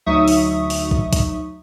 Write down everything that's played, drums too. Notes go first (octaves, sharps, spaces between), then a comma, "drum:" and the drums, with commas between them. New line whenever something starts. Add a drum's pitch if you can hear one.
D2 F#3 D#4 E5 C#6 D#6
drum: open hi-hat
drum: open hi-hat
drum: kick
drum: kick, hi-hat